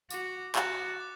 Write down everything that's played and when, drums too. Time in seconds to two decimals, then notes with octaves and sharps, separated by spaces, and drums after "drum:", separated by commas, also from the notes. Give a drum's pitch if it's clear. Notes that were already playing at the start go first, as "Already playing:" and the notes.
0.10 F#4 D6, drum: tambourine
0.56 F#4 F#6 A6 E7, drum: clap
1.00 D6